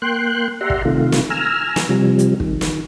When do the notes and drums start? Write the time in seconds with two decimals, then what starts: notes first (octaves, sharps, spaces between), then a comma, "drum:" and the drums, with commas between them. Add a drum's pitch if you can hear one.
0.02 A#3 G5 C6 F#6
0.61 G4 D5 E5 F#5 A#5 C6
0.70 drum: kick
0.85 C3 D#3 A3 F4
1.12 drum: snare
1.30 G#5 A#5 E6 F6
1.76 drum: snare
1.89 C3 F3 G3
2.19 drum: hi-hat
2.40 D#3, drum: kick
2.61 drum: snare